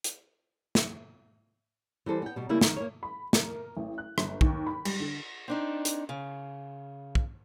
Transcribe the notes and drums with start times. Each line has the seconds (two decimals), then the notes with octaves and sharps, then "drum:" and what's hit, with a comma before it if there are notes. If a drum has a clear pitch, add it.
0.04 drum: hi-hat
0.75 drum: snare
2.06 E3 G3 A4 C5
2.22 B3 G5
2.36 B2 G3
2.49 C#3 G3 A3 A#3 E4
2.61 D#3, drum: snare
2.77 A#3 C#5
3.03 B5
3.33 A#4, drum: snare
3.77 A1
3.98 F#6
4.18 G1, drum: rim click
4.41 D#2, drum: kick
4.67 B5
4.85 G3, drum: cymbal
5.00 D3
5.48 C4 D4 D#4
5.85 drum: hi-hat
6.09 C#3
7.15 drum: kick